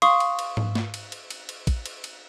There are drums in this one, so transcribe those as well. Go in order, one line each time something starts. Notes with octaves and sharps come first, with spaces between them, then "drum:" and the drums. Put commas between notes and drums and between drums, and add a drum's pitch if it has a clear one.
F5 C6 C#6 D#6, drum: cymbal
drum: cymbal
drum: cymbal
drum: tom G#2
drum: snare
drum: cymbal
drum: cymbal
drum: cymbal
drum: cymbal
drum: kick, cymbal
drum: cymbal
drum: cymbal